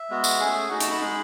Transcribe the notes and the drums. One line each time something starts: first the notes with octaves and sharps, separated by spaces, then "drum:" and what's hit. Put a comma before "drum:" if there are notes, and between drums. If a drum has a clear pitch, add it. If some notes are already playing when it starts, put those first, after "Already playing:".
Already playing: E5
G#3 B3 F#4
drum: tambourine
A3 C#4 G#4
A3 D#4 F#4 F#5
A5, drum: hi-hat
B5
G#3 D#4 G#4